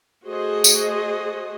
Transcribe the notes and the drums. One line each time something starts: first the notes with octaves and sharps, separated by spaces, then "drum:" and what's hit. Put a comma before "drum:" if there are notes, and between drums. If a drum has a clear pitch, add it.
A3 F#4 G#4 C5 D#5
drum: tambourine